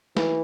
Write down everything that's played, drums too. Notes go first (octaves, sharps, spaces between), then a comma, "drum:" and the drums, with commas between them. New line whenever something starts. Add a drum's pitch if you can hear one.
E3, drum: snare